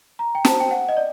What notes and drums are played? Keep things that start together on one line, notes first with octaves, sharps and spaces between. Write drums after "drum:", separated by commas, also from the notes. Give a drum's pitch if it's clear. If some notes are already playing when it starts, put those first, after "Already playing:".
A#5
G5
F#4 C5 A5, drum: snare
G5
F#5
D#5
D5